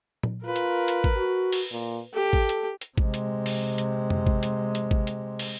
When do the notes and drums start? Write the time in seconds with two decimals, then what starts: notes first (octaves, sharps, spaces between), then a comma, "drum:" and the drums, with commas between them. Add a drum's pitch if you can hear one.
0.23 drum: tom A#2
0.45 F4 A#4 B4
0.56 drum: hi-hat
0.88 drum: hi-hat
1.04 drum: kick G#1
1.17 F#4
1.52 drum: open hi-hat
1.71 A#2
2.14 G4 A4
2.33 drum: kick G#1
2.49 drum: hi-hat
2.81 drum: hi-hat
2.98 C3 G#3, drum: kick G#1
3.14 drum: hi-hat
3.46 drum: open hi-hat
3.78 drum: hi-hat
4.10 drum: tom F2
4.27 drum: kick G#1
4.43 drum: hi-hat
4.75 drum: hi-hat
4.91 drum: kick G#1
5.07 drum: hi-hat
5.39 drum: open hi-hat